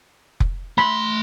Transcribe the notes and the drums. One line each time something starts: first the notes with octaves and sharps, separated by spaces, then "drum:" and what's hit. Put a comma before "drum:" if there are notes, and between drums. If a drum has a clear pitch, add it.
drum: kick F1
A3 B5 C6